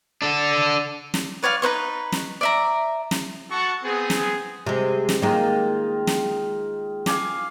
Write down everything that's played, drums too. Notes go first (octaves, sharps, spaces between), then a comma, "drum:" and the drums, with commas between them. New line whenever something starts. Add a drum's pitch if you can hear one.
D4 A4
drum: snare
B4 C#5 D5 F5
D#4 B4 C5 C#6
drum: snare
D5 E5 A#5
drum: snare
F#4 A4 F#5 A5 C#6
B3 C4 G#4
drum: snare
C3 G#3
drum: snare
D#3 G#3 A#3 F4
drum: snare
F5 G#5 D6, drum: snare